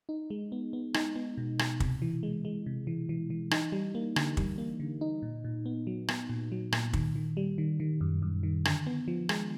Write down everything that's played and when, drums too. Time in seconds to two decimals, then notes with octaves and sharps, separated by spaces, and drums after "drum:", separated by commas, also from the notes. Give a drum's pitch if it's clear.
0.09 D#4
0.30 G#3
0.52 B3
0.73 B3
0.94 D#4, drum: rim click
1.16 B3
1.37 B2
1.59 B2, drum: rim click
1.80 C3, drum: kick
2.02 E3
2.23 G#3
2.45 G#3
2.66 C3
2.87 E3
3.09 E3
3.30 E3
3.51 D#4, drum: rim click
3.72 G3
3.95 A#3
4.16 D3, drum: rim click
4.37 G3, drum: kick
4.58 A#3
4.80 D3
5.01 D#4
5.22 A#2
5.44 A#2
5.66 B3
5.87 F#3
6.08 B3, drum: rim click
6.29 A#2
6.52 F#3
6.72 A#2, drum: rim click
6.93 D#3, drum: kick
7.16 D#3
7.37 G3
7.58 D#3
7.80 D#3
8.01 F#2
8.22 F#2
8.43 D#3
8.65 D3, drum: rim click
8.87 B3
9.08 F3
9.29 G#3, drum: rim click